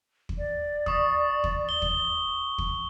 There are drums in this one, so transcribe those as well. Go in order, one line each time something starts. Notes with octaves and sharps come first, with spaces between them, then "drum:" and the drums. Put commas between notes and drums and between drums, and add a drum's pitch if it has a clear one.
drum: kick
D5
C#6 D#6, drum: kick
drum: kick
G7
drum: kick
drum: kick